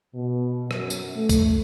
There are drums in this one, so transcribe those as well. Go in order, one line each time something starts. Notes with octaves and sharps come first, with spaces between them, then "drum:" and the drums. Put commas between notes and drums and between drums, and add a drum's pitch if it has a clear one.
B2
F#2, drum: rim click
drum: tambourine
A3
drum: kick B1, tambourine